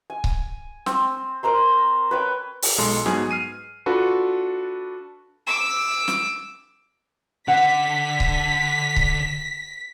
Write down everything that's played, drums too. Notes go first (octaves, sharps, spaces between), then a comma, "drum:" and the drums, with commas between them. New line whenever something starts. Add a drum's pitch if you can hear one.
G#5
drum: kick C#1
C4, drum: snare
A#4 C5 A#5 C6
B4 C#5 G5
drum: open hi-hat
B1 G#3 A4 C6
G#2 F#3 B3 G#4, drum: snare
F6 C7 D#7
D4 F4 F#4 A4 B4
D6 E6
drum: snare
D3 F#5 B6
drum: kick C#1
drum: kick C#1